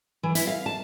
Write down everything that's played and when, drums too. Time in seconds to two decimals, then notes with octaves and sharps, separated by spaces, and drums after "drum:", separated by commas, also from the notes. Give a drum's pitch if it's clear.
0.23 E3
0.35 E4, drum: hi-hat
0.47 F5
0.66 A5